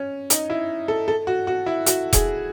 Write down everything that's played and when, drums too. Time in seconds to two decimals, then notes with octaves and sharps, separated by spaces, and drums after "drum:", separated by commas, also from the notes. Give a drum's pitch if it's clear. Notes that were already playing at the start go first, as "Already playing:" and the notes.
Already playing: C#4
0.30 D#4, drum: hi-hat
0.50 E4
0.88 A4
1.08 A4
1.27 F#4
1.47 F#4
1.66 E4
1.86 F#4, drum: hi-hat
2.13 G#4, drum: kick E1, hi-hat